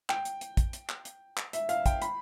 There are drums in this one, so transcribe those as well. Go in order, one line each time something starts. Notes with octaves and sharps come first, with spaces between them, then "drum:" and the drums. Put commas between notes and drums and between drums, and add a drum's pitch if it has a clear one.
G5, drum: clap
drum: hi-hat
drum: hi-hat
drum: kick, hi-hat
drum: hi-hat
drum: clap
drum: hi-hat
drum: clap
E5, drum: hi-hat
F5, drum: hi-hat
G5, drum: kick, hi-hat
B5, drum: hi-hat